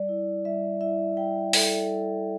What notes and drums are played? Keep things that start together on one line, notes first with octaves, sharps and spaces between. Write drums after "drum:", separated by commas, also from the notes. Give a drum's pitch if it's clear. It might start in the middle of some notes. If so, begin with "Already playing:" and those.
Already playing: G3 D5
E4
G3 E5
E4 E5
G3 G5
E4 A4, drum: open hi-hat
G3